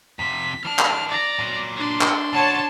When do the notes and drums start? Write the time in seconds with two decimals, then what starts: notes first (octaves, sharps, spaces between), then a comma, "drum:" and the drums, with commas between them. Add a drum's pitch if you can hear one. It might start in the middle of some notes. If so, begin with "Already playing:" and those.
0.19 F2 C3 B6
0.65 E3 D4 F6
0.79 drum: clap
1.09 D5 A#5
1.40 A#2 F#3
1.77 D4 C6
2.01 drum: clap
2.33 C#3 F#4 C#5 A5